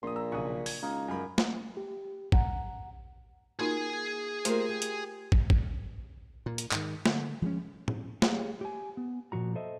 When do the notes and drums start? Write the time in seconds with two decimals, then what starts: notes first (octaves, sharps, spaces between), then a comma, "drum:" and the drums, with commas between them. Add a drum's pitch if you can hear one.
0.03 A#1 A#2 C6 D#6
0.16 A#5 E6
0.32 B1 C#3 F#5 G#5 C#6 D#6
0.66 G#6, drum: open hi-hat
0.82 C#2 A#3 D#4
1.08 F#2 A#4 B5
1.38 drum: snare
1.77 G4
2.32 F#5 A#5, drum: kick
3.59 A#3 D#4 F4 F#4 G#4 G#5
4.45 A3 A#3 F4 G4 A#4 C5, drum: hi-hat
4.69 G4
4.82 drum: hi-hat
5.32 drum: kick
5.50 drum: kick
6.46 A#2
6.58 drum: hi-hat
6.72 G#2 D#3, drum: clap
7.06 D3, drum: snare
7.42 F3 G#3 C#4
7.88 drum: tom
8.22 G4 G#4 C#5 F5 G5, drum: snare
8.61 G4 G#5
8.97 B3
9.32 A#2 F3 F#4 A#5
9.55 A4 C5 D#5 E5